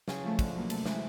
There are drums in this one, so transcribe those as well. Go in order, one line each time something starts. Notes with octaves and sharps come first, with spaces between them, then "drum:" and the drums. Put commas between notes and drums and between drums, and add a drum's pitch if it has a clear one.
C#3 G#4, drum: snare
F3 A3
D3, drum: kick, cymbal
F#3 A#3
C3 A4, drum: cymbal
E3 G#3, drum: snare